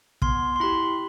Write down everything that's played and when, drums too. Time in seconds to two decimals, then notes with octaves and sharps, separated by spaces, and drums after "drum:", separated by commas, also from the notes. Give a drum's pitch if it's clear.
0.22 B3 C6, drum: kick
0.56 C6
0.60 E4 G4 B5